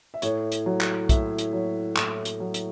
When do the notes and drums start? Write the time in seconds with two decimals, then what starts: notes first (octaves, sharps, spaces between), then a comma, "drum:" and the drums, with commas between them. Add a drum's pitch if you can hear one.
0.14 E5
0.22 A2 C#5, drum: hi-hat
0.52 drum: hi-hat
0.66 F#3
0.81 drum: clap
1.09 A2 E5, drum: kick, hi-hat
1.39 drum: hi-hat
1.53 F#3 C#5
1.96 A2 E5, drum: clap
2.25 drum: hi-hat
2.40 F#3
2.54 drum: hi-hat